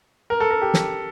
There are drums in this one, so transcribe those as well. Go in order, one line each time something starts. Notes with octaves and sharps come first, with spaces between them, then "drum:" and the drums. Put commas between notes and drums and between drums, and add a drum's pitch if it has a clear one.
A#4
A4
A#4
G4
drum: snare